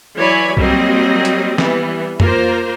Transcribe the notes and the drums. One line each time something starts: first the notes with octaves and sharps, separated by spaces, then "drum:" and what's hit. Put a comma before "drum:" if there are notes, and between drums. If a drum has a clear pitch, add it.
E3 F#3 C#5 D5 G#5 B5
F#3 G3 A#3 C4 D#5, drum: kick B1
drum: hi-hat
E3 G3 B3, drum: snare
A#3 F4 A#4 C5, drum: tom